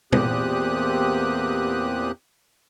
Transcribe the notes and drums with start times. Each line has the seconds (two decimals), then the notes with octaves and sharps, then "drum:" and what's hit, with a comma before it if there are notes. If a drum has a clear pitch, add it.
0.13 E2 A#2 C4 G4 D#6 F#6, drum: tom